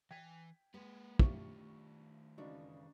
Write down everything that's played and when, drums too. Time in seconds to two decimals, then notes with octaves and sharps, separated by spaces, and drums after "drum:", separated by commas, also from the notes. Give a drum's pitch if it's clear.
0.11 E3 G5 G#5 G#6 B6
0.74 G#3 A#3 B4
1.19 D#3 A3 D4 F4 G4 E5 C#6, drum: kick
2.38 C#3 E3 G#3 D4 D#4 F#4